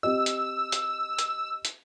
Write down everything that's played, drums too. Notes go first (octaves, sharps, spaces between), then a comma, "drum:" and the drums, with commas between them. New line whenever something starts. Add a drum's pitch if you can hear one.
C4 G4 D#5 E6
drum: hi-hat
drum: hi-hat
drum: hi-hat
drum: hi-hat